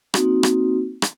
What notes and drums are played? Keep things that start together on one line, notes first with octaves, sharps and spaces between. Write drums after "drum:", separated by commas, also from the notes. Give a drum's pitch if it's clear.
A#3 C4 D#4 F#4, drum: rim click
drum: rim click
drum: rim click